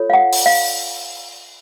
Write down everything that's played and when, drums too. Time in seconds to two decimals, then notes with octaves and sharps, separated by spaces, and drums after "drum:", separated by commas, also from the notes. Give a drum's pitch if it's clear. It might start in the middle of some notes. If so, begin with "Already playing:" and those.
Already playing: F4 A4 C#5
0.10 F5
0.13 F#5
0.33 drum: open hi-hat
0.46 F5